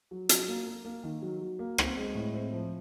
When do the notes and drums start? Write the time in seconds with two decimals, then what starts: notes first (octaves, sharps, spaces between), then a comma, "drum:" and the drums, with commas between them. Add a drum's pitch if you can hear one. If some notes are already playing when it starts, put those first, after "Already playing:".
0.11 F#3
0.29 F#3, drum: hi-hat
0.48 A#3
0.67 A#3
0.85 A#3
1.04 D#3
1.22 F#3
1.41 F#3
1.59 A#3
1.78 C4, drum: rim click
1.97 G#3
2.15 A2
2.34 C4
2.52 F3